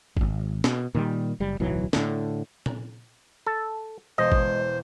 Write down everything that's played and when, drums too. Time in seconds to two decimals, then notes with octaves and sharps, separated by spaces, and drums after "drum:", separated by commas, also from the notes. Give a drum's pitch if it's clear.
0.17 D1 G#1, drum: kick G#1
0.64 B2, drum: snare
0.95 A#2 D#3 E3 G3
1.40 F#1 G3
1.60 D1 B1 E3 F#3
1.93 A2 D3, drum: snare
2.66 drum: tom A#2
3.47 A4
4.18 E1 C5 D#5
4.32 drum: kick G#1